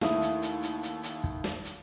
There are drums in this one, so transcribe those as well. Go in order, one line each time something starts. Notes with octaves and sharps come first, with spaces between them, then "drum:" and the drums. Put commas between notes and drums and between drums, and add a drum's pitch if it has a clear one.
D#2 A3 E4 D#6, drum: snare
drum: hi-hat
drum: hi-hat
drum: hi-hat
drum: hi-hat
drum: hi-hat
drum: kick
drum: snare
drum: hi-hat